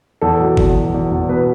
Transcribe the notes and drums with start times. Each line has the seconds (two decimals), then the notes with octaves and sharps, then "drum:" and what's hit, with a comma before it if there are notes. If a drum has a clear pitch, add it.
0.21 E2 A4
0.39 B2
0.57 E2, drum: kick G1
0.75 B2
0.94 E2
1.11 E2
1.29 B2 B4